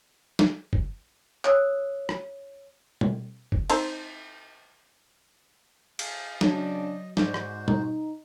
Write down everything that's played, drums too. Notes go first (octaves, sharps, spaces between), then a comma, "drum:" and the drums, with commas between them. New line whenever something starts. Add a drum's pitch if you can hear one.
drum: snare
drum: kick
C#5 D#6 E6 F#6, drum: clap
drum: rim click
drum: tom B2
drum: kick
C4 D#4 C5, drum: cymbal
G#4 F5, drum: cymbal
C#3 F#3 D4 D#5, drum: snare
G#2 G#3 F#4 C5 D5, drum: snare
drum: rim click
D#4, drum: tom B2